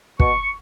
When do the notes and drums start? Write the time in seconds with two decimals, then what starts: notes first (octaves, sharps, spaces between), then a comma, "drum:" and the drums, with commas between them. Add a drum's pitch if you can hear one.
0.20 B2 C#6, drum: kick